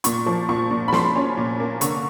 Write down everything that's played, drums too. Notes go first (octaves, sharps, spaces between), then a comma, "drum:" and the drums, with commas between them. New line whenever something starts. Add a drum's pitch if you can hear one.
A#2 C#6, drum: hi-hat
F3
A#2 C#6
A#2
B5
F3 C6, drum: snare
C#4
A#2
A#3
D3 C#6, drum: hi-hat